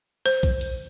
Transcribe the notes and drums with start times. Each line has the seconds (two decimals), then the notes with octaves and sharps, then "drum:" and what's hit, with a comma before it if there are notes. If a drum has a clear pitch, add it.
0.26 C5, drum: cymbal
0.43 drum: kick A#1, cymbal
0.61 drum: cymbal